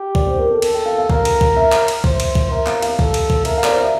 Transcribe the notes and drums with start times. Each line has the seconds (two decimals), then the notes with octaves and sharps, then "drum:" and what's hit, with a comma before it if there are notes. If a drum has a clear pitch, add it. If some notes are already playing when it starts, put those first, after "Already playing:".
Already playing: G4
0.15 D5, drum: kick C2
0.27 C5
0.38 A#4
0.51 A4
0.62 A4 A#4, drum: cymbal
0.74 G5
0.86 F5
0.98 F5
1.10 A#4 F5, drum: kick C2
1.25 drum: cymbal
1.41 drum: kick C2
1.57 E5
1.72 drum: clap
1.88 drum: cymbal
2.04 C5, drum: kick C2
2.20 drum: cymbal
2.35 drum: kick C2
2.51 A#4 E5
2.67 F5, drum: clap
2.82 F5, drum: cymbal
2.99 A4, drum: kick C2
3.14 drum: cymbal
3.30 drum: kick C2
3.45 A#4 E5, drum: cymbal
3.58 F5
3.64 D5, drum: clap
3.69 C5
3.81 E5